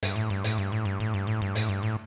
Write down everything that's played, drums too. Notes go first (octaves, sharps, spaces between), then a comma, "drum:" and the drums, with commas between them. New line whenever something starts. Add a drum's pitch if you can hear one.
G2, drum: hi-hat
A2
G2
A2, drum: hi-hat
G2
A2
G2
A2
G2
A2
G2
A2, drum: hi-hat
G2
A2